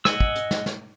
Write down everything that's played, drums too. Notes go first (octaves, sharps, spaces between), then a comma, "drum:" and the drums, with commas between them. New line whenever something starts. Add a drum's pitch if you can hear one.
D#5 F#5 G#5 E6, drum: snare
drum: kick
drum: hi-hat
drum: snare
drum: snare